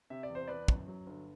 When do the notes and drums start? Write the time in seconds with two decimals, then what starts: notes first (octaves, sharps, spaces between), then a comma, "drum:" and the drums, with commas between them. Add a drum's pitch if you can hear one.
0.10 C3 E5
0.23 D5
0.30 E2
0.35 C5
0.48 E2 B4 D5
0.68 F#2, drum: kick
0.88 F#3
1.06 G1